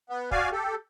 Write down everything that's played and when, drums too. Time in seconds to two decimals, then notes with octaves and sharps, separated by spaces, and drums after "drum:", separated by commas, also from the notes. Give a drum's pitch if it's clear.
0.10 B3
0.31 F#4 D5 F5 G#5, drum: kick
0.52 G4 A4